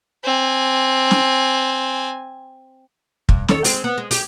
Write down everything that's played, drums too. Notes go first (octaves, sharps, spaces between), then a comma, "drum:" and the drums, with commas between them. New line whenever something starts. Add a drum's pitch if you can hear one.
C4 G#5
drum: snare
G2, drum: kick
D#3 A4 C#5, drum: snare
G#3 C4, drum: open hi-hat
B3
G#3
G4 G#4, drum: open hi-hat